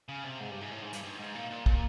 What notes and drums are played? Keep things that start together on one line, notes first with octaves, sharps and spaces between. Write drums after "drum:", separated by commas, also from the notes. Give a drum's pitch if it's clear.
C#3
C3
G#2
G2
G#2
A2
G#2
G2, drum: hi-hat
G2
G#2
A#2
A#2
A#2, drum: kick